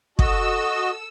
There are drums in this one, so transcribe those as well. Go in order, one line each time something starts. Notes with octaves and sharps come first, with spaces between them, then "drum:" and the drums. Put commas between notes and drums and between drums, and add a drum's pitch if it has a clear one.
F#4 A4 D#5 E6, drum: kick